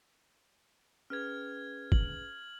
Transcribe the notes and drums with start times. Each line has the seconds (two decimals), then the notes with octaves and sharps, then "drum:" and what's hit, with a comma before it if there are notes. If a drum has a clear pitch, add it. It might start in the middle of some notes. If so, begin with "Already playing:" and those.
1.10 C#4 G#4 B4 F6 G#6
1.92 F#7, drum: kick